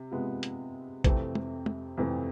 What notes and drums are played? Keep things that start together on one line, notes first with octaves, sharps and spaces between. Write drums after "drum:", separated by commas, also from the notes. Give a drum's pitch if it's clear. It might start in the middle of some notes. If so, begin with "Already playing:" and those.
Already playing: C3
C3 G#3 B3 F4
drum: hi-hat
F2 C3 E3 A3 C4, drum: kick, hi-hat
drum: tom
drum: tom
F2 C3 E3 A3 C4